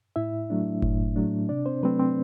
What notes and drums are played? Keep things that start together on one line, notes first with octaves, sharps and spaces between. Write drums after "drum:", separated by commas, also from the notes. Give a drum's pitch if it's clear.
A2 E4 E5
F#3 A3 D4
A2, drum: kick F#1
F#3 A3 D4
C3 D4 D5
C4 C5
F#3 A3 C4 B4
C4 C5